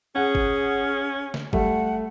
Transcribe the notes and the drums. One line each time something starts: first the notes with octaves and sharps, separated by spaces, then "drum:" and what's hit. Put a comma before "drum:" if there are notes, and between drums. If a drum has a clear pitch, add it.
C#4 G#4 F#5
drum: kick G1
drum: snare
G3 A3 F#5, drum: kick G1